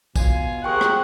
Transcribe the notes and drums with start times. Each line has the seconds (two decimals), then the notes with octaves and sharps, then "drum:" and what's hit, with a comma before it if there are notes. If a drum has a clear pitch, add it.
0.16 B2 F4 G#5, drum: kick, tambourine
0.64 G4 G#4 A#4 C5 F#5 G5 C#6
0.81 drum: rim click